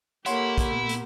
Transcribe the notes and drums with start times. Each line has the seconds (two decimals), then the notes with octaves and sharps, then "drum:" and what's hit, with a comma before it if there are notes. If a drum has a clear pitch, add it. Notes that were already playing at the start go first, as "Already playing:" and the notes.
0.26 A#3 E4 G4 A4 C#5 F#5 C6, drum: hi-hat
0.58 drum: kick, hi-hat
0.70 A#2 B3
0.89 drum: hi-hat